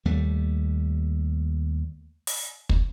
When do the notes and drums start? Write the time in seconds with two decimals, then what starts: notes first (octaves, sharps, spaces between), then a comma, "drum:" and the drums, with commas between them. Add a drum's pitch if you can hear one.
0.05 D#2 G3 A3
2.27 drum: open hi-hat
2.69 drum: kick